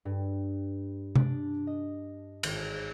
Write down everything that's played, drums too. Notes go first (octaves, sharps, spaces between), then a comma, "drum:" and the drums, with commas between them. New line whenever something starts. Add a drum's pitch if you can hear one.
G2
D4, drum: tom C3
D#5
G#1, drum: cymbal